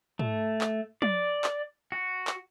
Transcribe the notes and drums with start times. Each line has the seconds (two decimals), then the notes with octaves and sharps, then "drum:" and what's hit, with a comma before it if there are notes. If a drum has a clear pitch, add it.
0.19 A3, drum: tom G#2
0.61 drum: clap
1.02 D5, drum: tom
1.44 drum: clap
1.92 F#4
2.27 drum: clap